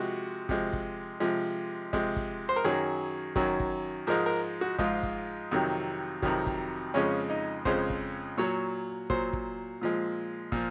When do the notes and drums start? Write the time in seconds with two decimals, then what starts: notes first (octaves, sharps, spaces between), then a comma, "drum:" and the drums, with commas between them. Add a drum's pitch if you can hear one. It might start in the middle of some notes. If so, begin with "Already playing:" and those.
Already playing: C3 F3 G#3 F#4
0.49 C3 F3 G#3, drum: kick
0.73 drum: kick
1.20 C3 F3 G#3
1.93 C3 F3 G#3, drum: kick
2.16 drum: kick
2.49 C5
2.56 A#4
2.64 F#2 D#3 F#3 G#4
3.36 F#2 D#3 F#3, drum: kick
3.60 drum: kick
4.07 G#2 F3 G#3 A#4
4.26 A#4
4.61 F#4
4.79 G#2 F3 G#3 F4, drum: kick
5.03 drum: kick
5.51 F2 C3 D#3 F#3
6.22 F2 C3 D#3 F#3, drum: kick
6.46 drum: kick
6.94 F2 C#3 F3 G#3 C#4
7.30 D#4
7.65 F2 C#3 F3 G#3 C5, drum: kick
7.90 drum: kick
8.37 A#2 F#3 C#5
9.10 A#2 F#3 C5, drum: kick
9.33 drum: kick
9.82 A#2 F3 G#3
10.52 A#2 F3, drum: kick